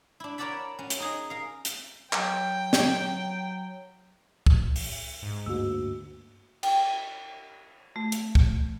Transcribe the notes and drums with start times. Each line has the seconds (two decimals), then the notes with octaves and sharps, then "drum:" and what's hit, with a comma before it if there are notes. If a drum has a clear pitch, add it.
0.20 D4 E4
0.38 A#4 C#5 D5 F#5 A5 B5
0.79 C#4 F#4
0.90 drum: hi-hat
1.00 D#4 G#4 D#5
1.30 A#4 F5
1.65 drum: hi-hat
2.13 F#3 G5, drum: clap
2.73 drum: snare
4.46 drum: kick
4.76 drum: open hi-hat
5.22 G#2
5.46 D2 G2 A#3 F#4 E6
6.63 G5, drum: cymbal
7.96 A3
8.12 drum: hi-hat
8.35 drum: kick